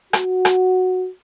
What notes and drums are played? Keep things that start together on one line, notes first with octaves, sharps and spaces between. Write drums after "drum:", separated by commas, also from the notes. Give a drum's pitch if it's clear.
F#4, drum: rim click
drum: rim click